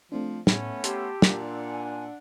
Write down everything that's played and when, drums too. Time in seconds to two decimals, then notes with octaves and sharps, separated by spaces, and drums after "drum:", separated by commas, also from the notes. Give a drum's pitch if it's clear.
0.12 F3 A3 C4 D4
0.47 A2 A3 B3 C#4, drum: snare
0.84 G4 A5 C6 E6, drum: hi-hat
1.22 A#2 D4 F#5, drum: snare
1.69 G#5